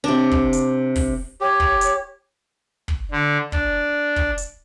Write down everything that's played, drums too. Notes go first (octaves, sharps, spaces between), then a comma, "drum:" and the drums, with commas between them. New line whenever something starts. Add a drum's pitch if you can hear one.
C3 D4
drum: kick
drum: hi-hat
drum: kick, open hi-hat
G4 C#5
drum: kick
drum: hi-hat
drum: kick
D3
D4, drum: kick
drum: kick
drum: hi-hat